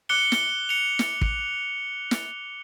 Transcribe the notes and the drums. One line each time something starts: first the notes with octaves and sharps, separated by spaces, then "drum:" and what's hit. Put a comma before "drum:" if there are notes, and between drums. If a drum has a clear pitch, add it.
D6 F#6 C#7 G7
drum: snare
C#7 F7
drum: snare
drum: kick
drum: snare